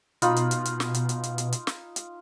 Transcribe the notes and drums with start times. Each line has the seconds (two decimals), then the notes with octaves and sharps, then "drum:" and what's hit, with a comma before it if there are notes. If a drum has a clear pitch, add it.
0.22 B2 D#4 F4 B5, drum: hi-hat
0.36 drum: hi-hat
0.51 drum: hi-hat
0.65 drum: hi-hat
0.80 drum: snare
0.94 drum: hi-hat
1.09 drum: hi-hat
1.23 drum: hi-hat
1.38 drum: hi-hat
1.52 drum: hi-hat
1.67 drum: snare
1.96 drum: hi-hat